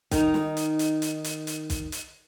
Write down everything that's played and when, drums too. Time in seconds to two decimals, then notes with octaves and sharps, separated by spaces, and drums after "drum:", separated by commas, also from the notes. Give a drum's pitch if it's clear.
0.11 D#3 D#4, drum: kick, hi-hat
0.34 drum: snare
0.57 drum: hi-hat
0.79 drum: hi-hat
1.02 drum: hi-hat
1.24 drum: hi-hat
1.47 drum: hi-hat
1.70 drum: kick, hi-hat
1.92 drum: hi-hat